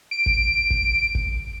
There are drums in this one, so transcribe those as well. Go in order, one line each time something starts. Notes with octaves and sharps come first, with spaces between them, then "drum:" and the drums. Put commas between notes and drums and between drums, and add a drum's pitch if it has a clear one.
D7
drum: kick G#1
drum: kick G#1
drum: kick G#1